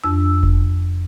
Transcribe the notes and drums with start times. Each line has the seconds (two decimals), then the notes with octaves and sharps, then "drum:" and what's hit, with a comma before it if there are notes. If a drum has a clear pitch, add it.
0.04 F2 D4 E6
0.43 drum: kick F1